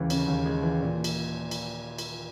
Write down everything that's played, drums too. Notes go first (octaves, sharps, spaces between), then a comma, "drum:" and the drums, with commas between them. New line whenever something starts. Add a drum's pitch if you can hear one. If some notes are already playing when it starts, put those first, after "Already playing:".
Already playing: D#2 C#3 E3 G#3
C#3, drum: cymbal
D#2
G#3
E3
A#2
drum: cymbal
drum: cymbal
drum: cymbal